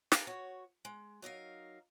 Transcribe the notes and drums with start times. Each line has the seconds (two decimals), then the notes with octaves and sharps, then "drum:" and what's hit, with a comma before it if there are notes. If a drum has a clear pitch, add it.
0.12 G4 G#4 A#4 B4 F5, drum: snare
0.27 F#4 C#5
0.85 G#3
1.22 F#3 D#4 A#4 F5